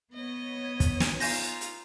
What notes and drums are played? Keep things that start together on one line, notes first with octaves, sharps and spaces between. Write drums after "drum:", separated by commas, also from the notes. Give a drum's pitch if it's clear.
B3 C#5 D#5
drum: kick, hi-hat
drum: snare
D#4 F4 G#5 G6 A#6, drum: open hi-hat
drum: hi-hat